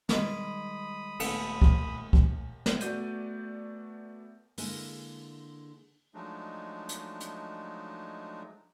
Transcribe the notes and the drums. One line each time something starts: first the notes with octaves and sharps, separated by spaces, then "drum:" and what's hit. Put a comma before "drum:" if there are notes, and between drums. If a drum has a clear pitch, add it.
D#3 G3 G#3 A#4 D#5 B5 D#6, drum: snare
D#1 D#2 A3 B3 A4, drum: cymbal
drum: kick
drum: kick
drum: snare
A3 B3 F#4 D5 G6 D#7, drum: hi-hat
D3 G#3 A#3 E4 G#4, drum: open hi-hat
F3 F#3 G#3 A3 D4 D#4
drum: hi-hat
drum: hi-hat